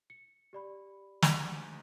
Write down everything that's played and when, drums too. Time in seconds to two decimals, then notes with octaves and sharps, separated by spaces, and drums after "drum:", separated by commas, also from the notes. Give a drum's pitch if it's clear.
0.10 C#7
0.53 G4 D5 B5
1.22 D2 G#3 D#4, drum: snare